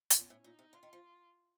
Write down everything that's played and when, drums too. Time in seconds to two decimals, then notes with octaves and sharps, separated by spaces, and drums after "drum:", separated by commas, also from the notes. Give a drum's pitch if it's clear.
0.10 B2, drum: hi-hat
0.16 A#2 C#4
0.30 A2
0.44 A#2 D#4
0.59 C3
0.73 D3 F4
0.83 D#3
0.93 F3